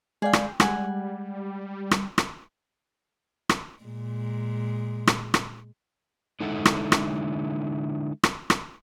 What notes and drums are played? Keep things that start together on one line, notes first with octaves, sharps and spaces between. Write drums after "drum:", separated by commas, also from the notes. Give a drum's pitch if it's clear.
G#3 G#4 D5 F5 G5
drum: rim click
G3 G#3 F#5 G#5, drum: rim click
drum: rim click
drum: rim click
drum: rim click
A#2 G#3
drum: rim click
drum: rim click
D3 G#3 D#4 E4 A4 F#5
drum: rim click
drum: rim click
drum: rim click
drum: rim click